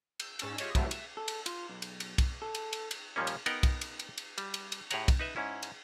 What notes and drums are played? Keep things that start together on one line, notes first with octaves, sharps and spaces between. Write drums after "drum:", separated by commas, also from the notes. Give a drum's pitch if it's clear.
E6 G6, drum: cymbal
G#2 C#4 A5 E6, drum: cymbal
F4 G4 G#4 C#5 D#5 E5, drum: cymbal
A2 C3 E3 F#3 G3 A3, drum: kick, cymbal
E5, drum: cymbal
A4
drum: cymbal
F4, drum: cymbal
B1
drum: cymbal
drum: cymbal
drum: kick, cymbal
A4
drum: cymbal
drum: cymbal
drum: cymbal
D#2 A#2 F3 G3 A#3 C#4
drum: cymbal
B3 D#4 A#4 F#5 G5, drum: cymbal
drum: kick, cymbal
drum: cymbal
drum: cymbal
drum: cymbal
G3, drum: cymbal
drum: cymbal
drum: cymbal
A2 G4 G#4 C#5 F#5 A#5, drum: cymbal
drum: kick, cymbal
D#4 B4 E5
G#2 C#4 E4
drum: cymbal